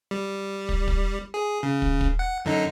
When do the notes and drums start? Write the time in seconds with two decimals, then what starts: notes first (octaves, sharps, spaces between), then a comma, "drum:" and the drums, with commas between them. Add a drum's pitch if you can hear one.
0.11 G3
0.69 drum: kick
0.88 drum: kick
1.34 G#4
1.63 C#3
1.82 drum: kick
2.01 drum: kick
2.19 F#5
2.45 F#2 D3 D#4